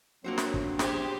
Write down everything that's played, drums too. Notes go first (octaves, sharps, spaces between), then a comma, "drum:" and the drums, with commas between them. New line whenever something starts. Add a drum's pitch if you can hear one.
A#1 F3 F#3 A#3 C4 F#4 C5
drum: snare
drum: kick
G4 G#4 C5, drum: snare